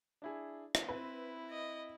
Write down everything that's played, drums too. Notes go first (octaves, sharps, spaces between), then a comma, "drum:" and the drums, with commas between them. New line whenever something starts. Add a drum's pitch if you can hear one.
D4 E4 G#4
drum: rim click
C4 E4 B4
D#5